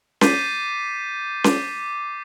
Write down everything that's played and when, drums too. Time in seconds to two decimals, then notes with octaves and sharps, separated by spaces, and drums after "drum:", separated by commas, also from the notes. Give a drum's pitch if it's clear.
0.21 D6 G6 A6 B6 C7 D#7, drum: snare C#4
1.44 D6, drum: snare C#4